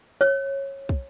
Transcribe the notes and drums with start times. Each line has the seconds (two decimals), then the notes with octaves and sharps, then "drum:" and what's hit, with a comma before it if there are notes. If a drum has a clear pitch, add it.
0.21 C#5
0.89 drum: kick